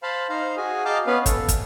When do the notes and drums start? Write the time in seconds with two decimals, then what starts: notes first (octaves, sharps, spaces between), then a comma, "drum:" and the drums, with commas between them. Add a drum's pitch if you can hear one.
0.03 C5 F5 A5 B5
0.29 D#4 C5 F5 A#5
0.57 F#4 G#4 G#5
0.85 D#5 F5 G5 A5 A#5 D6
1.07 B3 C#4 B4 F5
1.26 A4, drum: kick, hi-hat
1.48 drum: kick, hi-hat